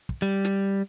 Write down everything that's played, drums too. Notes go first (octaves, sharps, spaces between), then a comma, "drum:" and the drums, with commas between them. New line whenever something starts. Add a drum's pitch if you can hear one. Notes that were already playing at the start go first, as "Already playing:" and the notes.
drum: kick
G3
drum: snare